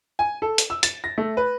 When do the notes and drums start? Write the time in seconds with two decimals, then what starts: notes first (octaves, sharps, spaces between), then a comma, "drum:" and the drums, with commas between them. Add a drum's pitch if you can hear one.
0.19 G#5
0.42 A4
0.58 drum: hi-hat
0.70 E6
0.83 A6, drum: hi-hat
1.04 A#6
1.18 A3
1.37 B4